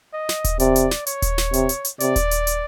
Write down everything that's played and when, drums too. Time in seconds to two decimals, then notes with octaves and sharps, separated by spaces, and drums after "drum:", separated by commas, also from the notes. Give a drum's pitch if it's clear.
0.13 D#5
0.29 drum: snare
0.44 drum: kick D#1, hi-hat
0.60 C3 D5, drum: hi-hat
0.76 drum: hi-hat
0.91 drum: snare
1.07 C#5, drum: hi-hat
1.22 drum: kick D#1, hi-hat
1.38 drum: snare
1.54 C3, drum: hi-hat
1.69 drum: hi-hat
1.85 drum: hi-hat
2.00 C3 D5, drum: hi-hat
2.16 drum: kick D#1, hi-hat
2.31 drum: hi-hat
2.47 drum: hi-hat